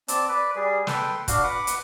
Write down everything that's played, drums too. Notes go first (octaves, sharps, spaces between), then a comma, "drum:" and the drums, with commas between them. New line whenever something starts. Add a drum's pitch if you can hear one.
C4 D5 A5, drum: hi-hat
B4 D5
G3 G#4
A4 B4 G5 C6, drum: snare
D4 F#4 F5, drum: kick, hi-hat
B4 F#5 D6
drum: hi-hat